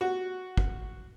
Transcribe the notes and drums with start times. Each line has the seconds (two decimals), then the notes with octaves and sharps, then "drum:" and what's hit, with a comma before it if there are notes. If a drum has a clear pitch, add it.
0.01 F#4
0.57 drum: kick